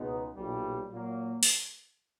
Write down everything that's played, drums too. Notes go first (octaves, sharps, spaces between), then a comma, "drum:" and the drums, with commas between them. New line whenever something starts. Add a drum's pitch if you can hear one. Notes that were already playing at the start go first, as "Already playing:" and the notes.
Already playing: C#2 B2 G#3 B3 D#4
B1 A#2 G3
A#2 F#3 A#3
drum: open hi-hat